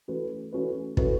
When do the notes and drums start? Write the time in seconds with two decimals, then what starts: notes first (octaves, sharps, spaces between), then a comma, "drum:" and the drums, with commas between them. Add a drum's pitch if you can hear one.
0.08 E3 A3 C#4 F#4 B4
0.52 E3 A3 C#4 F#4 B4
0.97 E3 A3 C#4 F#4 B4, drum: kick